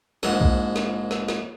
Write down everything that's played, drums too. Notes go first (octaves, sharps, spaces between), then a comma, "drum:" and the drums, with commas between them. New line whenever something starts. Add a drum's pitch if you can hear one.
A#1 G#2 F#5, drum: snare
drum: kick
drum: snare
drum: snare
drum: snare